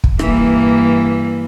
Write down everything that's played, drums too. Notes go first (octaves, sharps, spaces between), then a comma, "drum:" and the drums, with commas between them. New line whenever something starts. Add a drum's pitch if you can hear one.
drum: kick
G2 E3 A#3, drum: rim click